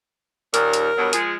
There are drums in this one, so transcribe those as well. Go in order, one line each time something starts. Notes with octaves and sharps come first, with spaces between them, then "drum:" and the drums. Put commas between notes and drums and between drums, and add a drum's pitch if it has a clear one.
D#2 A#2 A#4, drum: hi-hat
drum: hi-hat
G2 B2 F#3
F3 G#3 G#4, drum: hi-hat